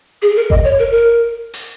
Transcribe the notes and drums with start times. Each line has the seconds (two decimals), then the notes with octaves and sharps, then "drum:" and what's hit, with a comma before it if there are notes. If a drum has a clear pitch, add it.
0.22 G#4
0.36 A#4
0.50 D#5, drum: kick G1
0.64 C#5
0.79 A#4
0.92 A#4
1.54 drum: open hi-hat